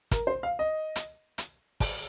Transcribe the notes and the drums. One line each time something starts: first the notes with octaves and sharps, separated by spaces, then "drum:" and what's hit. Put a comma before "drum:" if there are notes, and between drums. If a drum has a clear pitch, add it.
A#4, drum: kick, hi-hat
C5
F5
D#5
drum: hi-hat
drum: hi-hat
drum: kick, open hi-hat